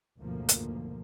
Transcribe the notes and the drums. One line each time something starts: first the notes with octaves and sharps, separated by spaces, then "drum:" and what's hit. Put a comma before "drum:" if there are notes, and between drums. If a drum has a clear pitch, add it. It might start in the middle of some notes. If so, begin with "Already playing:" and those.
F#1 D2 G#2 B2 F3 A#3
drum: hi-hat